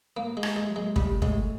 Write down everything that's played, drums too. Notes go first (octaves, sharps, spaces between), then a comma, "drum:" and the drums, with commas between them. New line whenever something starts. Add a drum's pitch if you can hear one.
A2 A#3
G#3
A#3, drum: rim click
G#3
F#3
G#3
A2 G3, drum: kick
A2 G#3, drum: kick